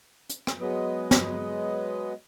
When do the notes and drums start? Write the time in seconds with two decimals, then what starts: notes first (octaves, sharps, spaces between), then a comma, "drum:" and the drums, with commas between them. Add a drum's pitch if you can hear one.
0.29 drum: hi-hat
0.47 drum: rim click
0.61 F#3 G#3 B3 B4 D#5
1.11 drum: snare